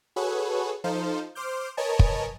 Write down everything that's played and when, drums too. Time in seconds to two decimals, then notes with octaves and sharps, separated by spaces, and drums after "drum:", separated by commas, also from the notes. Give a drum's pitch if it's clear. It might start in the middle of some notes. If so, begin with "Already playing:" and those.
0.16 F#4 G#4 A4 B4 C#5
0.84 F3 D#4 A4 C5 F5
1.35 C5 C6 D6 F6 G6
1.77 A#4 B4 C#5 D#5 G#5 A5
1.99 drum: kick